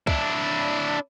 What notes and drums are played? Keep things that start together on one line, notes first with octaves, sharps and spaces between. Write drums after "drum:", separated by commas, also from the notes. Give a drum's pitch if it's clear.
D4 E4, drum: kick